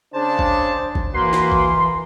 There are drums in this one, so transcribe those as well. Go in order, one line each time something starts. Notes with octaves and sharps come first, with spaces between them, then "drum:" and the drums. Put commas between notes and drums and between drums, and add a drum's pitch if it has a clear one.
C#3 D4 C5 A5
drum: kick G1
drum: kick G1
E3 A#3 F#4 B4 C6
drum: snare
drum: kick G1